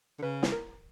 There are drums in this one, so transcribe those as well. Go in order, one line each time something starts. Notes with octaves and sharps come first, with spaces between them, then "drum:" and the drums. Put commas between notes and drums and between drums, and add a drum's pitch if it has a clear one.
D3
C#3 B4
drum: snare
A#4